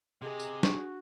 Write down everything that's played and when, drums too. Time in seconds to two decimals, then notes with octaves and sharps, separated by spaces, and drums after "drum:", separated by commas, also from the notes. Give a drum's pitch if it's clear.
0.22 C3 G4 G#4 D#5
0.39 drum: tambourine
0.63 D4 F#4 C#6, drum: snare